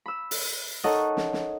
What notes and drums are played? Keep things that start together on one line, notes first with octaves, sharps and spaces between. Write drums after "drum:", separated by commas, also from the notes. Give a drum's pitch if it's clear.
B5 E6
drum: open hi-hat
D#4 A4 A#4 C#5 D#5 F#5
drum: snare
drum: snare